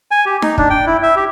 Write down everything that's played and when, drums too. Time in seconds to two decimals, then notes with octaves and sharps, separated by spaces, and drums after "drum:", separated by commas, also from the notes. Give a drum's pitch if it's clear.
0.11 G#5
0.26 G4
0.42 D#4, drum: snare D#4
0.58 D4, drum: kick
0.70 G5
0.86 E4
1.03 E5
1.16 G4